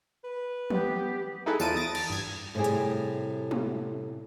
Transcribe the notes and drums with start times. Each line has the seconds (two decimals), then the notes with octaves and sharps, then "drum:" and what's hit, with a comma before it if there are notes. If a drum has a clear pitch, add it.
0.24 B4
0.70 B3 G4, drum: tom
1.46 D#4 E4 G#4 A4 B4
1.60 E2 F3 A5 D7 D#7, drum: tambourine
1.76 D#6 A6 A#6 D7
1.95 A6, drum: cymbal
2.10 G2 G#6
2.55 A2 C3 G3 G4 G#4
2.64 drum: hi-hat
3.51 drum: tom